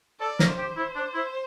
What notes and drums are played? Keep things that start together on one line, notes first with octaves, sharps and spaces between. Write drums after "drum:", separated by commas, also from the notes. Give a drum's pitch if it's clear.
A4 D5
A#4, drum: snare
C5
G4
E4
D4
E4